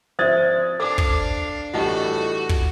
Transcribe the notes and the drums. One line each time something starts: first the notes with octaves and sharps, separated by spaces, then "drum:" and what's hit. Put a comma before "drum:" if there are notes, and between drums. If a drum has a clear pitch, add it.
F3 C4 C5 D5 E5 D#6 G#6 A6
D4 A4 F5 D6
drum: kick
A2 E3 G3 F4 F#4 A4 D#5 A5
drum: kick